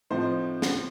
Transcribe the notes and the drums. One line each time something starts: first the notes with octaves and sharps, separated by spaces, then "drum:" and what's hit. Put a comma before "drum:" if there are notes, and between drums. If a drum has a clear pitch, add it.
A2 F3 C4 D#4 C5
drum: snare